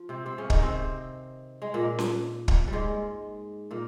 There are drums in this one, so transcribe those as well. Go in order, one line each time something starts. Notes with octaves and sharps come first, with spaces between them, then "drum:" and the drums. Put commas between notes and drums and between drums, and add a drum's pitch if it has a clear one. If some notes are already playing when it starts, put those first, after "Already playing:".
Already playing: F3
C3 C4
C3 C4
C#3 C#4
D#3 D#4, drum: kick
C3 C4
G#3
A#2 A#3
drum: snare C#4
drum: kick
G3
G#2 G#3
A#2 A#3